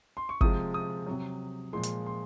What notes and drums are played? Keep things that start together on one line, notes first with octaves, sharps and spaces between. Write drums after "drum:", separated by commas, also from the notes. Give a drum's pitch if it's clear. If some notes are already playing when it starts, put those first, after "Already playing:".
C6
C#6
C3 F3 G#3 D#6, drum: kick G1
D#6
C3 F#3
A#2 F3 G#3 C6
drum: hi-hat
C6